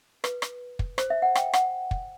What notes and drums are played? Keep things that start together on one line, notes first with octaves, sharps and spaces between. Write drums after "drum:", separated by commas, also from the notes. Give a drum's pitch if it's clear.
B4, drum: rim click
drum: rim click
drum: kick
C5, drum: rim click
E5
F#5
G5, drum: rim click
F#5, drum: rim click
drum: kick